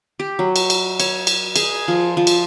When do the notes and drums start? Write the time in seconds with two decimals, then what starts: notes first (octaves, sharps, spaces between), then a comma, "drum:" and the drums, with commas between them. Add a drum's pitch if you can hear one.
0.20 G4
0.39 F#3
0.56 drum: cymbal
0.70 drum: cymbal
1.00 C#5, drum: cymbal
1.27 drum: cymbal
1.56 G#4, drum: cymbal
1.88 F3
2.17 F3
2.27 drum: cymbal